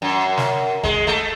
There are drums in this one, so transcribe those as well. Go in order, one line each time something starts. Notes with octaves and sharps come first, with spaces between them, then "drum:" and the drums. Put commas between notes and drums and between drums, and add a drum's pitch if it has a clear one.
F#2
drum: snare
G#3, drum: kick F1
A3